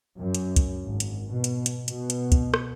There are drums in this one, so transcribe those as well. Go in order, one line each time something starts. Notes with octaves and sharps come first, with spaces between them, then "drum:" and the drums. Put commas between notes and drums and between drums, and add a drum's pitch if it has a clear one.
F#2
drum: hi-hat
drum: kick, hi-hat
G#1
drum: hi-hat
B2
drum: hi-hat
drum: hi-hat
B2, drum: hi-hat
drum: hi-hat
drum: kick, hi-hat
drum: rim click